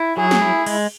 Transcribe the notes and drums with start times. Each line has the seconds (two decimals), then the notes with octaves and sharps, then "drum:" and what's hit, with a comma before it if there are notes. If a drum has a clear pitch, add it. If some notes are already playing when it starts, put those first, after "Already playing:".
Already playing: E4
0.17 F#3 G#4
0.31 drum: snare
0.41 E4
0.66 G#3, drum: cymbal